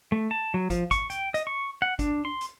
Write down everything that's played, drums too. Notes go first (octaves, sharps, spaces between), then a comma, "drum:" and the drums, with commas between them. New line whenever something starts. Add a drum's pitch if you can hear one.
A3
A5
F#3
F3, drum: kick, hi-hat
C#6, drum: kick, hi-hat
G5, drum: hi-hat
D#5, drum: hi-hat
C#6
F#5
D4, drum: kick, hi-hat
C6
drum: hi-hat